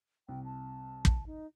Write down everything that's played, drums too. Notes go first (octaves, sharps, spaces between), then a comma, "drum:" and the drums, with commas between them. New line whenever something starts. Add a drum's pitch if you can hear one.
C2 G5
A5
drum: kick
D#4